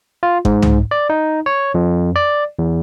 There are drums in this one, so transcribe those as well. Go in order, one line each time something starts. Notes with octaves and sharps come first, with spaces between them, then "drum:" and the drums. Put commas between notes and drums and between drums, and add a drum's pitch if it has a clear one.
F4
G#2, drum: kick G1
drum: tom C2
D5
D#4
C#5
F2
D5
E2